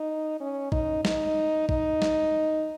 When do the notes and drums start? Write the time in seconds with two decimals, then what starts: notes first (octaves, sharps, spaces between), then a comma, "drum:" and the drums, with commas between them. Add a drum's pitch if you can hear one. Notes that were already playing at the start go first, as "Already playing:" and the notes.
Already playing: D#4
0.41 C#4
0.72 D#4, drum: kick
1.05 D#4, drum: snare
1.69 D#4, drum: kick
2.02 drum: snare